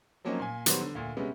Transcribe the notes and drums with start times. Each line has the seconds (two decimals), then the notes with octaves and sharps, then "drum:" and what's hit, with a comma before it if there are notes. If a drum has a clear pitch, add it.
0.25 F3 F#3 A#3 C4 C#4 D#4
0.39 A#2 G#5
0.66 D#3 F#3 G3 B3 C5, drum: hi-hat
0.81 D3
0.95 D2 A#2
1.17 C3 G3 G#3 B3 C#4